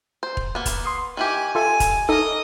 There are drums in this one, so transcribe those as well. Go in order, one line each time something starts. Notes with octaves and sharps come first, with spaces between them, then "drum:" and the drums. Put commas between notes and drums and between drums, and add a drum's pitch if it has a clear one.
C5
drum: kick
A#3 B3
drum: kick, hi-hat
C6 D#6 C7
D#3 E3 G4 G#5
F4 A4 E5 G#5
drum: kick, hi-hat
E3 D#4 A4 A#4 D#5